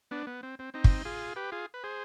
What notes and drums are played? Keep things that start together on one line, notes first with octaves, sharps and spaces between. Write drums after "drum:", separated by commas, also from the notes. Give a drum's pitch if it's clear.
B3 D4
B3
C4
C4
C4 D#4
drum: kick
F4 G#4
G4 B4
F4 G#4
B4
G#4 C5